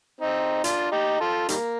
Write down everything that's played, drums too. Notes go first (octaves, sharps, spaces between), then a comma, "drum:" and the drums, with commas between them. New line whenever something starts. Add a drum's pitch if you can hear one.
C4 D#4
D4 F4, drum: hi-hat
D#4 G4
F4 A4
D#3 G3 A#3, drum: hi-hat